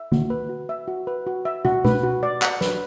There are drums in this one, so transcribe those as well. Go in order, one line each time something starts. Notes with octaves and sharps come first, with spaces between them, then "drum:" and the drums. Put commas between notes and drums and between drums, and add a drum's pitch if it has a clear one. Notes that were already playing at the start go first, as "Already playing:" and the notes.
Already playing: E5
F#4, drum: tom
B4
F#4
E5
F#4
B4
F#4
E5
F#4, drum: tom
B4, drum: tom B2
F#4
D5
F#5, drum: clap
B4, drum: snare